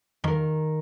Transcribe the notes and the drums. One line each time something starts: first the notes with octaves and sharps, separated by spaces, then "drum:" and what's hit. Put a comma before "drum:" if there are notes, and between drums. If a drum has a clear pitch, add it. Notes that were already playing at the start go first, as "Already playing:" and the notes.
D#3 A#4, drum: tom E2